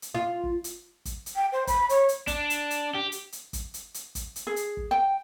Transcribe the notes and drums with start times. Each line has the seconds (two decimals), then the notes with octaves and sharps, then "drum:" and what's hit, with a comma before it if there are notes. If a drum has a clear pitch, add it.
0.02 drum: hi-hat
0.15 F4
0.43 drum: kick
0.64 drum: hi-hat
1.05 drum: kick, hi-hat
1.26 drum: hi-hat
1.35 G5
1.52 C5
1.67 B5, drum: kick, hi-hat
1.89 C#5, drum: hi-hat
2.09 drum: hi-hat
2.27 D4, drum: kick, hi-hat
2.50 drum: hi-hat
2.71 drum: hi-hat
2.94 G4
3.12 drum: hi-hat
3.32 drum: hi-hat
3.53 drum: kick, hi-hat
3.74 drum: hi-hat
3.94 drum: hi-hat
4.15 drum: kick, hi-hat
4.36 drum: hi-hat
4.47 G#4
4.56 drum: hi-hat
4.77 drum: kick
4.91 G5